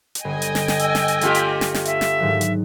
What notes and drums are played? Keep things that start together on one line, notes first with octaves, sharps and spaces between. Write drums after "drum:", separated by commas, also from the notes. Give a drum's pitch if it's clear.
drum: hi-hat
G1 D#5 G5 G#5
drum: hi-hat
drum: snare
drum: snare
E6, drum: hi-hat
drum: snare
drum: hi-hat
A3 F4 G4, drum: hi-hat
drum: hi-hat
drum: snare
drum: snare
E5, drum: hi-hat
drum: snare
G#2 D#3 F#3
drum: hi-hat